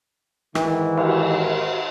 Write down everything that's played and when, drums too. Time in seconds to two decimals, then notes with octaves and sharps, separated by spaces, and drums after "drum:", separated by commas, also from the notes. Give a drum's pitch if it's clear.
0.55 G#2 D#3 E3, drum: rim click
0.97 drum: cymbal